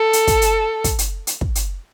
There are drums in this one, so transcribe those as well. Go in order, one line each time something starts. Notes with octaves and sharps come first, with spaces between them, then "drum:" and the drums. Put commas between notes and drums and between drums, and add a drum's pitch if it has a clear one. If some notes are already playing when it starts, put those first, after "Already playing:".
Already playing: A4
drum: hi-hat
drum: kick, hi-hat
drum: hi-hat
drum: kick, hi-hat
drum: hi-hat
drum: hi-hat
drum: kick
drum: hi-hat